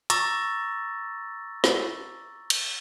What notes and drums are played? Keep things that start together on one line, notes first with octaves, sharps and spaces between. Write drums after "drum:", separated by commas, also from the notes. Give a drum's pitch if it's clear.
A#5 C#6 D6 E6 A6 A#6, drum: hi-hat
drum: snare
drum: cymbal